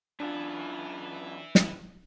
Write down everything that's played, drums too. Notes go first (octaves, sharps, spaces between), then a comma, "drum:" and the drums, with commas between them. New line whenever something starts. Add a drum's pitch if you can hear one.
F#2 D4 F4 B4 E5
drum: snare